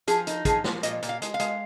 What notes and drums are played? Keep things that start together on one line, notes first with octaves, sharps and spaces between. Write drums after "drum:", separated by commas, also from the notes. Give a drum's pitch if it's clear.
F3 G#4, drum: hi-hat
D#4, drum: hi-hat
F3 G#4, drum: kick, hi-hat
F3, drum: snare
A#2 D#5, drum: hi-hat
A#2, drum: hi-hat
F5
G#3, drum: hi-hat
F5
G#3, drum: hi-hat